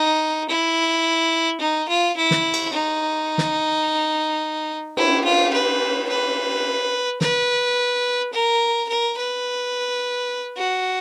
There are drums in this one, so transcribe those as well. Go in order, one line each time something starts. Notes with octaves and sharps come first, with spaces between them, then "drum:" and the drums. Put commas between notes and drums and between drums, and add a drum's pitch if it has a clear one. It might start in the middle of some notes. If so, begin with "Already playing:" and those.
Already playing: D#4
E4
D#4
F4
E4
drum: snare
drum: cymbal
D#4
drum: snare
E4, drum: cymbal
F4
B4
B4
B4, drum: snare
A#4
A#4
B4
F#4